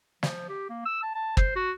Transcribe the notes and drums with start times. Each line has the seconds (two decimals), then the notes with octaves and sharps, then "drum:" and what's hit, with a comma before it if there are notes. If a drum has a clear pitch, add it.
0.23 F3, drum: snare
0.49 G4
0.70 A#3
0.86 E6
1.03 A5
1.15 A5
1.37 C5, drum: kick
1.56 F#4